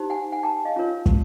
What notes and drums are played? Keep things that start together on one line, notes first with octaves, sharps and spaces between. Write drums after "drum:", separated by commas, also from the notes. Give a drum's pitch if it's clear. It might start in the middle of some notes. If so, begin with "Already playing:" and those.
Already playing: D#4 G4 C5
F#5 G#5
F#5 G#5
G5 A5
D#5 F5
C#4 F4 A#4 C#5
drum: kick